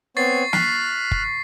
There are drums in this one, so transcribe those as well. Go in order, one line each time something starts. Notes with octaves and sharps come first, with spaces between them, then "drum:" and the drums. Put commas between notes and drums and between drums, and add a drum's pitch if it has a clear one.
B3 C4 C#5 C#6 A6 C7
F6 F#6 B6 C7, drum: snare
drum: kick